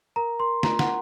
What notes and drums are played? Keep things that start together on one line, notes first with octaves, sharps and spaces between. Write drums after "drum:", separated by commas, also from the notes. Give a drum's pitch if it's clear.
A#4 A#5
A#4 C6
F4 A#5, drum: snare
F#5, drum: snare